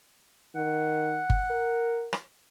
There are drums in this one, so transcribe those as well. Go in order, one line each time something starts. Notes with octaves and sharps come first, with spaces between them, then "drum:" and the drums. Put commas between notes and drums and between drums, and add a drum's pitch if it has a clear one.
D#3 F#5
drum: kick G1
A#4
drum: rim click